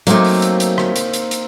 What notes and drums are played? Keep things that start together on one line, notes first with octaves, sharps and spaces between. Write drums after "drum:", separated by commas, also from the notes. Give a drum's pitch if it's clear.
F#3 A3 A#3 C4 D#4, drum: hi-hat
drum: open hi-hat
drum: hi-hat
drum: hi-hat
drum: rim click
drum: hi-hat
drum: hi-hat
drum: hi-hat